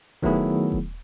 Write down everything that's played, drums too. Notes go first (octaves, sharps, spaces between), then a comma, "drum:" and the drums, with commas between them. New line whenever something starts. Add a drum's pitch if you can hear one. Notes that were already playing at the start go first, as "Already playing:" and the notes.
D#3 F#3 A3 B3 E4 G#4, drum: kick D#1
drum: kick D#1